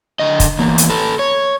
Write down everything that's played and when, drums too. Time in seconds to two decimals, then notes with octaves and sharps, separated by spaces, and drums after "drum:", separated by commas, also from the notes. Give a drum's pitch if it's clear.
0.20 D3 D#5
0.40 drum: kick, hi-hat
0.59 E2 A#3
0.78 drum: hi-hat
0.90 A4 B4
1.19 C#5